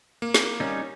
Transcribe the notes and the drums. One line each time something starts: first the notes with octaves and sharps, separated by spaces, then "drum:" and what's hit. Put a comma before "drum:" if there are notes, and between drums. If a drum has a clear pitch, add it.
A#3
drum: snare
G3 C#4 D#4